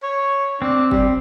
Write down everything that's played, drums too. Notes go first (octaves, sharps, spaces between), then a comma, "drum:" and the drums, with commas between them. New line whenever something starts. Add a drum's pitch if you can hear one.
C#5
C4 D4
G3, drum: kick F#1